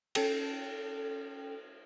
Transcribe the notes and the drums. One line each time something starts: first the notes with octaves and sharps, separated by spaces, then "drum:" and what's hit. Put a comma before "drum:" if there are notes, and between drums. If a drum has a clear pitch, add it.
C#4 A4 G5, drum: cymbal